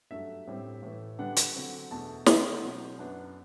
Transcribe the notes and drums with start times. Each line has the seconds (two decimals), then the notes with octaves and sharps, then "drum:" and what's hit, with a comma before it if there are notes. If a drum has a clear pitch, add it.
0.11 G2 F#3 A3 D4 E5
0.47 A2 G3 C4
0.83 A2 E3 A3
1.19 D3 G3 B3 D4 F#5
1.37 drum: hi-hat
1.55 D3 F#3 C4
1.91 E2 B2 A3 A5
2.26 D3 A3 C4 C5, drum: snare
2.63 B2 F#3 C4
2.99 F#2 F#3 B3 D4